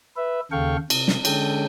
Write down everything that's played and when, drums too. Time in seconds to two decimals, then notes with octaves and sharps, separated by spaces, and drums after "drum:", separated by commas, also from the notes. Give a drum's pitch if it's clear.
0.17 B4 E5
0.52 D#2 C#3 A4 F5 G5 C#6
0.90 C3, drum: cymbal
1.08 drum: snare
1.25 D3 G#3 C#4 A4 G5, drum: cymbal